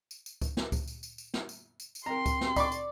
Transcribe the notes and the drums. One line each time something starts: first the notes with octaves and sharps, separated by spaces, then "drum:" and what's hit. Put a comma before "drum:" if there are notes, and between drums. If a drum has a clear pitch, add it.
drum: tambourine
drum: tambourine
drum: kick C#2, tambourine
drum: snare
drum: kick C#2, tambourine
drum: tambourine
drum: tambourine
drum: tambourine
drum: snare
drum: tambourine
drum: tambourine
drum: tambourine
C4 A#4 G5 A#5 C6
drum: kick C#2, tambourine
drum: snare
D5 B5 C#6 D6, drum: kick C#2, tambourine
drum: tambourine